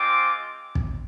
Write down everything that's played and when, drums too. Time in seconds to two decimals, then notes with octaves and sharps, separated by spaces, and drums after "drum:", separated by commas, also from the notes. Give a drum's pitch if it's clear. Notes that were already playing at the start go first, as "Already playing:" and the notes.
Already playing: G#3 C4 F4 D6
0.75 drum: kick